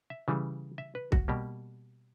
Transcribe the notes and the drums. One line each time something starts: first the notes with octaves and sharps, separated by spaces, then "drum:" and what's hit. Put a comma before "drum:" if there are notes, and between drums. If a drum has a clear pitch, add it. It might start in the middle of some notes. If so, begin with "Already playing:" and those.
E5
C#3 E3 G3
E5
B4
F#4, drum: kick C2
B2 G3 A#3 G4